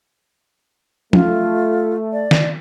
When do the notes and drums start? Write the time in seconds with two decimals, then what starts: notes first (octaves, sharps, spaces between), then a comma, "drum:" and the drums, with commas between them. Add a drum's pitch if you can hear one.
1.13 A3 F4, drum: tom F3
2.13 D5
2.31 drum: snare